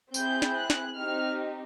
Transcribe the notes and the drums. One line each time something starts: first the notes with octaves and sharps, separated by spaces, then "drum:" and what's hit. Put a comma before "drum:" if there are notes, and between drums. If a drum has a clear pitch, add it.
C4 E4 G#4 G6, drum: tambourine
drum: snare
F#6
drum: snare
C4 D#4 G4 F6